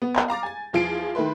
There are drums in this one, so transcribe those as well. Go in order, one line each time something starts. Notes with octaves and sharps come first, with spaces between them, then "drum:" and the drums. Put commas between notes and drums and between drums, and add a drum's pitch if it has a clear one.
B3
drum: clap
F5 A#5 D6 A6
G#5 A6
E2 F3 F4 G#4 C7 D7
D#3 A3 E4 B4 C6